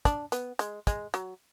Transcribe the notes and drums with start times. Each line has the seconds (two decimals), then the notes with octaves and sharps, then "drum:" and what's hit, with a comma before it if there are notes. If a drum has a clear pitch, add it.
0.05 D4, drum: kick, hi-hat
0.32 B3, drum: hi-hat
0.59 G#3, drum: hi-hat
0.87 G#3, drum: kick, hi-hat
1.14 F#3, drum: hi-hat